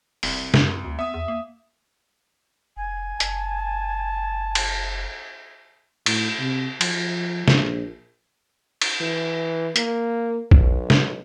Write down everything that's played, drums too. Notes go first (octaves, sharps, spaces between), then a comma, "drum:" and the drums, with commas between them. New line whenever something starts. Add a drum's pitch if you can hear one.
E1 C2, drum: open hi-hat
F#2, drum: snare
D2
B3 E5 D#6
E2
A#3
F1 G#5
F#1 A5, drum: hi-hat
drum: cymbal
A2, drum: cymbal
C3
F3, drum: cymbal
A#1, drum: snare
drum: cymbal
E3
A#3, drum: hi-hat
B1, drum: kick A#1
drum: snare